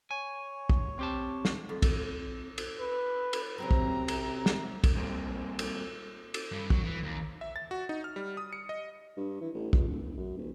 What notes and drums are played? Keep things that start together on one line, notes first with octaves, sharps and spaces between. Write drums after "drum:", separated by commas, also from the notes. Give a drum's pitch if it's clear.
C#5 G#5
drum: kick
C4 G4 A5
drum: snare
F2
drum: kick, cymbal
drum: cymbal
B4
drum: cymbal
C3 F#3 C4 C#4 A#5
drum: kick
drum: cymbal
drum: snare
drum: kick, cymbal
A#2 G3 A3 A#3 C4
drum: cymbal
drum: cymbal
G2
F#3, drum: kick
E3
D#2
E5
A6
F#4
D#4
F6
G3
D#6
C#7
D#5
G2
E3
A1
C#2, drum: kick
D1
E1
F#2
D#1